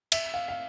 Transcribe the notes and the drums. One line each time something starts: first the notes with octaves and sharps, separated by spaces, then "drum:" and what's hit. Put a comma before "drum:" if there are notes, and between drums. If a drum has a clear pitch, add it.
E5, drum: cymbal
F5
F5